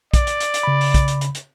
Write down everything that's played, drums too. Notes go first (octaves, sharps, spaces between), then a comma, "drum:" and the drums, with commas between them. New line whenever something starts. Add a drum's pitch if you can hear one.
D5, drum: kick, hi-hat
drum: hi-hat
drum: hi-hat
drum: hi-hat
C#3 B5
drum: open hi-hat
drum: kick, hi-hat
drum: hi-hat
drum: hi-hat
drum: hi-hat